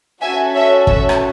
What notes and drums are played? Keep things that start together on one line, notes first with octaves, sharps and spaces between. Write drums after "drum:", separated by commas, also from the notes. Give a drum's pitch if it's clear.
C#4 F#4 A4 E5 G#5
C#5 E5
C#5 E5, drum: kick
drum: rim click